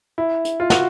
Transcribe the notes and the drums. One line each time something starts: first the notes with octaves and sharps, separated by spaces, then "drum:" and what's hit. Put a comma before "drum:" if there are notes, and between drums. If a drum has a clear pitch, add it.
E4
drum: hi-hat
F4
F#4, drum: snare